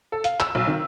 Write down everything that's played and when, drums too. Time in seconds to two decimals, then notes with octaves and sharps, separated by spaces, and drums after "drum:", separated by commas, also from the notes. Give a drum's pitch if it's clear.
0.12 A4
0.24 F5, drum: hi-hat
0.40 E6, drum: clap
0.55 B1
0.67 D#3